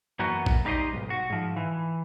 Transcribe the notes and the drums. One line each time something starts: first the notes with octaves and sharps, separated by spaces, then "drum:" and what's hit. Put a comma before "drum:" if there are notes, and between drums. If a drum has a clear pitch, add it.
F#2 E3 A#3 B3 F#4
drum: kick
G3 D#4 G4 C5 D#5
B1 G#2
F#4
G#2 F3
E3